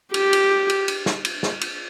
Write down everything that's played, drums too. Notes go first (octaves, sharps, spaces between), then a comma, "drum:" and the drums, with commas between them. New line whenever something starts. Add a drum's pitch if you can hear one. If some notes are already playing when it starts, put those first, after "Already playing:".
G4, drum: cymbal
drum: cymbal
drum: cymbal
drum: cymbal
drum: snare
drum: cymbal
drum: snare
drum: cymbal